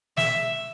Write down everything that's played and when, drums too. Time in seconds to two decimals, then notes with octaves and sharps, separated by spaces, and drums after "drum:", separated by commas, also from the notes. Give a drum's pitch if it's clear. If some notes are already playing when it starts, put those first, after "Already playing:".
0.17 E5, drum: snare